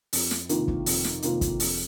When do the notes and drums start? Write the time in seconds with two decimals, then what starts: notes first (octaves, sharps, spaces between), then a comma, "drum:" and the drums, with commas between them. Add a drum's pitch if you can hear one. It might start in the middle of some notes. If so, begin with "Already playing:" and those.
0.13 F2, drum: open hi-hat
0.31 drum: snare
0.49 C3 D#3 A#3 F4, drum: hi-hat
0.68 drum: kick
0.86 F2, drum: open hi-hat
1.04 drum: snare
1.22 C3 D#3 A#3 F4, drum: hi-hat
1.41 drum: kick, hi-hat
1.60 F2, drum: open hi-hat